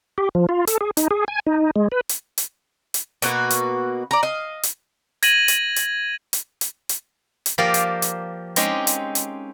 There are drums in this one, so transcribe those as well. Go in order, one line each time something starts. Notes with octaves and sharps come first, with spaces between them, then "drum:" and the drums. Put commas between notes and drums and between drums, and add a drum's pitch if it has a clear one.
G4
F3
F4
A4, drum: hi-hat
G#4
D#4, drum: hi-hat
G#4
G#5
D#4
G#3
B4
drum: hi-hat
drum: hi-hat
drum: hi-hat
B2 A#3 F#4 B4, drum: hi-hat
drum: hi-hat
D5 A#5
D#5 F5
drum: hi-hat
G#6 A#6 D#7 F#7, drum: hi-hat
drum: hi-hat
drum: hi-hat
drum: hi-hat
drum: hi-hat
drum: hi-hat
drum: hi-hat
F3 A#3 G4 A#4 D5 F5
drum: hi-hat
drum: hi-hat
G#3 C4 C#4 D#4 G4, drum: hi-hat
drum: hi-hat
drum: hi-hat